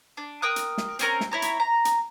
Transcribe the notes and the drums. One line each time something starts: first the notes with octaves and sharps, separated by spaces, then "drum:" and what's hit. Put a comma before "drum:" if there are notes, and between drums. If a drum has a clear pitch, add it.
D4
A#4 G5 D#6 F#6
drum: hi-hat
drum: snare
C4 C#4 A#4, drum: hi-hat
drum: snare
E4 C#5 A#5
drum: hi-hat
A#5
drum: hi-hat